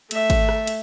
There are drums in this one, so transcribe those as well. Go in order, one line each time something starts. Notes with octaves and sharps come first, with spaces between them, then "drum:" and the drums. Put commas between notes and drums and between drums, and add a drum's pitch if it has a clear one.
A3 E5, drum: cymbal
drum: kick G#1, cymbal
drum: rim click
drum: cymbal